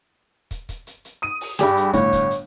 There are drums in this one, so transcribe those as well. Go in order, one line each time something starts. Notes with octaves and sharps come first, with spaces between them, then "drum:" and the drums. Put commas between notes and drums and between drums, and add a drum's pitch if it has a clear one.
drum: kick, hi-hat
drum: kick, hi-hat
drum: hi-hat
drum: hi-hat
D#6 D#7
drum: open hi-hat
G2 G3 G4 G#4, drum: snare
drum: hi-hat
G1 A2 C#5, drum: kick, hi-hat
drum: kick, hi-hat
drum: hi-hat